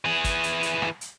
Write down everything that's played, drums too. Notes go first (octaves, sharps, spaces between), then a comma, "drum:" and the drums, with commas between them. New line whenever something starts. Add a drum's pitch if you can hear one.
E3 G#4
drum: kick, hi-hat
drum: hi-hat
drum: hi-hat
drum: rim click
drum: hi-hat